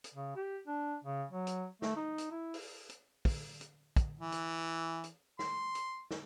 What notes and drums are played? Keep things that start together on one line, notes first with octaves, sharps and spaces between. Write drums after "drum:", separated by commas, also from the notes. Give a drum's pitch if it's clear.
drum: hi-hat
C#3
G4
D4
C#3
F#3
drum: hi-hat
A3, drum: snare
D#4
drum: hi-hat
E4
drum: open hi-hat
drum: hi-hat
drum: kick, open hi-hat
drum: hi-hat
drum: kick, hi-hat
E3
drum: hi-hat
drum: hi-hat
C6, drum: snare
drum: hi-hat
drum: snare